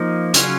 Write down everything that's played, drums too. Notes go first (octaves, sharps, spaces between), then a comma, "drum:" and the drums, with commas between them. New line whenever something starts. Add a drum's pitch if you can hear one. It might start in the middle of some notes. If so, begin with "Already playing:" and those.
Already playing: F3 A#3 D#4
C#3 F#3 C#4 F4, drum: hi-hat